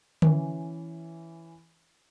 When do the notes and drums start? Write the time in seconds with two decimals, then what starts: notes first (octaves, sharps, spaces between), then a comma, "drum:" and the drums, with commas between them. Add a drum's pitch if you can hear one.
0.22 E3 C#4, drum: tom D3